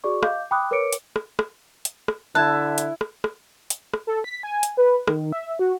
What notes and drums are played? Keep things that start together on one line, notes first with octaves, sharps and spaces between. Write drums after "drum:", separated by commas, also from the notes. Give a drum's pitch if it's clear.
F#4 G#4 D5 C#6
D#5 F5 D6 G6, drum: rim click
G5 B5 D6 D#6 F#6
A#4 B4 C#5 D6 C#7 D7
drum: hi-hat
drum: rim click
drum: rim click
drum: hi-hat
drum: rim click
D3 E4 E5 A5 F#6 G#6
drum: hi-hat
drum: rim click
drum: rim click
drum: hi-hat
drum: rim click
A4
B6
G#5
drum: hi-hat
B4
D#3, drum: rim click
E5
F#4